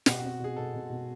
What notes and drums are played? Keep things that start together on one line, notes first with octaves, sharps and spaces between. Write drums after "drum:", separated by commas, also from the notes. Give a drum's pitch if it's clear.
B2 F#4, drum: snare
F#4
C4
B2 G#4
B2 A4
B2
B2